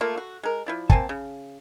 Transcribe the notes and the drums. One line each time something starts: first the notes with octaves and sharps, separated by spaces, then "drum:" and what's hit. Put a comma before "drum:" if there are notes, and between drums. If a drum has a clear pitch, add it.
A3 A#3 F4
F#4
G#3 A#4
F3 E4 D5
A#3 C4 G#5 A5, drum: kick
C#3